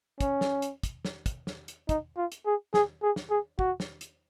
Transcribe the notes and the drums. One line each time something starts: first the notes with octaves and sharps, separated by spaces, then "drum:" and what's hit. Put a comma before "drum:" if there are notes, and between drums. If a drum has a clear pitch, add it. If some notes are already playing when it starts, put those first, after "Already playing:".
C#4, drum: kick, hi-hat
drum: snare
drum: hi-hat
drum: kick, hi-hat
drum: snare
drum: kick, hi-hat
drum: snare
drum: hi-hat
D#4, drum: kick, hi-hat
F4
drum: hi-hat
G#4
G#4, drum: snare
G#4
drum: snare
G#4
F#4, drum: kick
drum: snare
drum: hi-hat